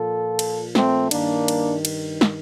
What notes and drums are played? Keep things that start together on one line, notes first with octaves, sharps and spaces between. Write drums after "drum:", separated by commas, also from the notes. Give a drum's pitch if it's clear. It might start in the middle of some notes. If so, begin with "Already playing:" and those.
Already playing: A#2 F3 F4 A4
drum: cymbal
A3 C4, drum: snare
G2 D#3 A#3 D4, drum: cymbal
drum: cymbal
drum: cymbal
drum: snare